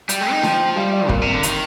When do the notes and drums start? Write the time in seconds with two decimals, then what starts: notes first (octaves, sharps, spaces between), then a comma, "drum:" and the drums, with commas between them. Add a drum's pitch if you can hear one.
0.09 G3 G5, drum: hi-hat
0.21 G#3
0.32 D#4
0.43 F3, drum: snare D4
0.76 G3 F5
0.94 D5
1.09 A#2 A#4, drum: kick
1.21 C3
1.33 D3
1.43 D#3, drum: hi-hat